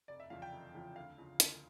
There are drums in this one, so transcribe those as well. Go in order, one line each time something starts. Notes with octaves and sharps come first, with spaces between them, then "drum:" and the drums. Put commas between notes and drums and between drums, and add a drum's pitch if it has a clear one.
F1 D5
E5
E2 C#3 F3 F5
G5
F1
E2 C#3 F3
D2 F5
C#3 F3
D2, drum: hi-hat